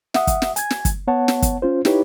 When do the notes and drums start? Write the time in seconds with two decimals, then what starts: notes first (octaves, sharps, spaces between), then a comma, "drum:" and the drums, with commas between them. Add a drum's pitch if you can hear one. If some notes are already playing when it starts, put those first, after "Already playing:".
0.14 E5 F#5 D#6, drum: snare
0.27 drum: kick, hi-hat
0.42 drum: snare
0.56 G#5 G#6, drum: hi-hat
0.70 drum: snare
0.85 drum: kick, hi-hat
1.07 B3 C#5 F#5 A5
1.28 drum: snare
1.42 drum: kick, hi-hat
1.62 C#4 F4 C5
1.85 D#4 E4 G4 B4 C#5, drum: snare